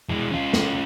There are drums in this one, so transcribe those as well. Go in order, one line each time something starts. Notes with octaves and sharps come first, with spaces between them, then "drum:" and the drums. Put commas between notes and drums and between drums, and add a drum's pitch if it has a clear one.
E3 G#3
C#4 F4
drum: snare